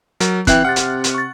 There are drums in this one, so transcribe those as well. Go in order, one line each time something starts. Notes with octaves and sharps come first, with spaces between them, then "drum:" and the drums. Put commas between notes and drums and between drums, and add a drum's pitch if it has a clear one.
F#3 A#4, drum: hi-hat
E3 C4 E5 G5 F#6, drum: kick, hi-hat
C3 F#5 F6 F#6 A6
drum: hi-hat
drum: hi-hat
C#6 A6